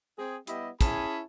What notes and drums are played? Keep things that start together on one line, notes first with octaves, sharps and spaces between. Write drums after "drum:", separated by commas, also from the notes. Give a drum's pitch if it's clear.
C4 G#4
G3 B3 E4 G4 D#5, drum: hi-hat
C#4 E4 G#4 A5 B5, drum: kick, hi-hat